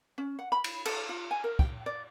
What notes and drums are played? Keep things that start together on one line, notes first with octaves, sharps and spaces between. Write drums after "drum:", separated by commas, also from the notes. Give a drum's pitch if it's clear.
C#4
F#5
B5
drum: cymbal
A4, drum: cymbal
F4
G#5
A#4
G5, drum: kick
D5